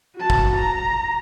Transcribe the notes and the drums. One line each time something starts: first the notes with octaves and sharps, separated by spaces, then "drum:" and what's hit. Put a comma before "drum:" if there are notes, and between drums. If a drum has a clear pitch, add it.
F#4 A5
drum: kick
A#5